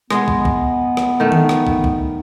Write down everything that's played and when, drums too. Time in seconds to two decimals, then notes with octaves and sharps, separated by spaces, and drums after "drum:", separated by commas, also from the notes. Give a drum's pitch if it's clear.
0.10 G#3 B3 D#5, drum: rim click
0.28 drum: kick
0.45 drum: kick
0.97 drum: rim click
1.20 D#3 A3
1.32 drum: tom D#3
1.49 drum: rim click
1.67 drum: kick
1.84 drum: kick